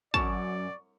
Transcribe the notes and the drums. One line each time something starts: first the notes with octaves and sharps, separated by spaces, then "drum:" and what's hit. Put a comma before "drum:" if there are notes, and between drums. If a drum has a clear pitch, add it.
F#2 D5 A5 C#6, drum: kick